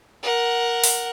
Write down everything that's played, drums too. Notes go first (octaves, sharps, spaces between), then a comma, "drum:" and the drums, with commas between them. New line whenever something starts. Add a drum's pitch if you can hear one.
A#4 F#5
drum: open hi-hat